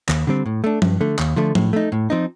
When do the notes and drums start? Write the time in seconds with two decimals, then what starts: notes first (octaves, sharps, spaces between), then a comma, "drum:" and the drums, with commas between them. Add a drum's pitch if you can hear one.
0.09 D#2, drum: clap
0.27 D3 G3 C4
0.46 A2
0.64 A3 D4
0.82 G2, drum: tom F3
1.01 D3 A3
1.19 D#2, drum: clap
1.36 D3 F3 A3
1.55 A2, drum: tom F3
1.73 A3 D#4
1.92 A2
2.10 F3 C4 D#4